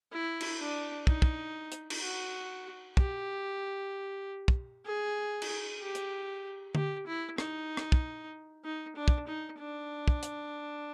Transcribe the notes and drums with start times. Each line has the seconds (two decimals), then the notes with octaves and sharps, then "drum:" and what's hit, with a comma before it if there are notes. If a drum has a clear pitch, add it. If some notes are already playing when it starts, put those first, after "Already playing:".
0.12 E4
0.41 drum: cymbal
0.60 D4
1.07 D#4, drum: kick
1.22 drum: kick
1.72 drum: hi-hat
1.90 drum: cymbal
2.02 F#4
2.97 G4, drum: kick
4.48 drum: kick
4.85 G#4
5.42 drum: cymbal
5.80 G4
5.95 drum: hi-hat
6.75 G4, drum: tom D3
7.07 E4
7.38 D#4, drum: rim click
7.77 drum: rim click
7.92 drum: kick
8.64 D#4
8.96 D4
9.08 drum: kick
9.27 D#4
9.59 D4
10.08 drum: kick
10.23 drum: hi-hat